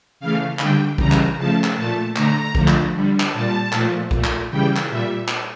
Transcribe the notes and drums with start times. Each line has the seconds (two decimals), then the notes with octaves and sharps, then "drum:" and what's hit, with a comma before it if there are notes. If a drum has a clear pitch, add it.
0.20 C#3 E3 A3 F5
0.59 D3 G3 G5, drum: clap
0.98 C#3 E3 G3 A#5, drum: kick A#1
1.12 drum: clap
1.38 C#3 F3 A3 A5
1.64 drum: clap
1.77 A#2 A3 A5
2.16 D3 A3 A#5, drum: clap
2.55 D3 F3 A3, drum: kick A#1
2.68 drum: clap
2.94 D3 G3
3.20 drum: clap
3.33 A#2 G3 A5
3.72 A#2 F3 A3, drum: clap
4.11 A#2 A3, drum: kick A#1
4.24 drum: clap
4.50 C#3 E3 G3 G5
4.76 drum: clap
4.89 A#2 G3 E5
5.28 drum: clap